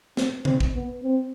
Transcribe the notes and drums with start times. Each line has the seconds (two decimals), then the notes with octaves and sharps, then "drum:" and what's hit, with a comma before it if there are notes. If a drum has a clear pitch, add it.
0.17 C4, drum: snare
0.45 C4, drum: tom C#3
0.60 drum: kick
0.74 B3
1.03 C4